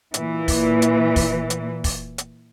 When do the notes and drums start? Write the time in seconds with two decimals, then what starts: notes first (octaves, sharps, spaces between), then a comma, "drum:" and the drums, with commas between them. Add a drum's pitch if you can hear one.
0.14 A#2 E3, drum: hi-hat
0.48 drum: kick, open hi-hat
0.82 drum: hi-hat
1.16 drum: kick, open hi-hat
1.50 drum: hi-hat
1.84 drum: kick, open hi-hat
2.18 drum: hi-hat